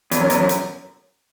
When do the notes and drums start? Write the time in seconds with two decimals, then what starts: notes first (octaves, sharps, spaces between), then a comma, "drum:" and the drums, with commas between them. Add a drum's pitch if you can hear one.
0.11 E2, drum: hi-hat
0.20 F#2
0.30 E2, drum: hi-hat
0.39 F#2
0.49 drum: hi-hat